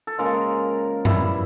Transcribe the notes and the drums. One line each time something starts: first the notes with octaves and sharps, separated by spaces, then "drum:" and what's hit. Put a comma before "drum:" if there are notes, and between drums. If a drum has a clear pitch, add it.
A4
C#3 F3 G#3 A#3 A#4
B2 G3 E4 E5, drum: tom F#2